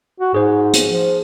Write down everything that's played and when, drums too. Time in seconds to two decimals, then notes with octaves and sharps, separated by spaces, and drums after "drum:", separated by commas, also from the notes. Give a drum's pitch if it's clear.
0.20 F#4
0.34 G#2 G#4 C5
0.73 drum: hi-hat
0.89 F3